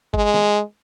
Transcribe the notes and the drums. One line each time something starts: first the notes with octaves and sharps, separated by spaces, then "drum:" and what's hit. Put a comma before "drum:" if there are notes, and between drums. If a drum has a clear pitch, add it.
G#3, drum: kick G1
drum: snare